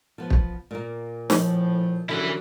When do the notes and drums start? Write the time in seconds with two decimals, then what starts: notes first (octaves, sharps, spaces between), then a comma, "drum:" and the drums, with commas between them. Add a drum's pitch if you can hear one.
0.18 F3 B3
0.30 drum: kick
0.71 A#2 A#3
1.30 A2 F3, drum: snare
2.09 C2 D3 E3 F#3 C#4 E4